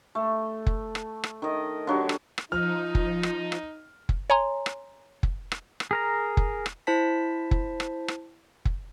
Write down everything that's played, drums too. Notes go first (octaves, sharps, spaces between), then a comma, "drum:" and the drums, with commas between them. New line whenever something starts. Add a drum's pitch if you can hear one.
A3
drum: kick
drum: rim click
drum: rim click
D#3 D#5
D3 F#3 G4
drum: rim click
drum: rim click
F3 D#4 F4 F6
drum: kick
drum: rim click
drum: rim click
drum: kick
C#5 G#5 A#5 C6
drum: rim click
drum: kick
drum: rim click
drum: rim click
G#4 A#4 A#5
drum: kick
drum: rim click
E4 C5 A5 B6
drum: kick
drum: rim click
drum: rim click
drum: kick